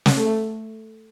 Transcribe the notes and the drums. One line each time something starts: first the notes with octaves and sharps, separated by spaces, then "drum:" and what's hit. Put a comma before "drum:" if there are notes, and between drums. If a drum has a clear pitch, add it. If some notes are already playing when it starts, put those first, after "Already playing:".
drum: snare
A3